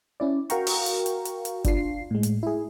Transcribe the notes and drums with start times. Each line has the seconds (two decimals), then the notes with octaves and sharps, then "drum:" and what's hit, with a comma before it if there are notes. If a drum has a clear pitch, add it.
0.20 C#4 E4 D5
0.50 F#4 A#4 F5 G5 A#5 C#6, drum: hi-hat
0.67 drum: open hi-hat
0.86 drum: hi-hat
1.06 drum: hi-hat
1.25 drum: hi-hat
1.45 drum: hi-hat
1.64 D4 F4 C7, drum: kick F#1, hi-hat
2.11 A2 G#3
2.23 drum: hi-hat
2.43 E4 G#4